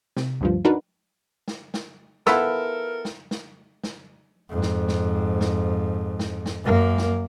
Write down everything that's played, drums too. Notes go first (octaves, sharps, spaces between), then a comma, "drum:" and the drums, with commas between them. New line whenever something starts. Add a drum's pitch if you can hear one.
C3, drum: snare
D2 G2 F3
D4 D#4 F#4 A#4 B4
drum: snare
drum: snare
B3 E4 F4 A4 A#4 E6, drum: snare
drum: snare
drum: snare
drum: snare
F2 G#2
drum: snare
drum: snare
drum: snare
drum: snare
drum: snare
F#2 A#3
drum: snare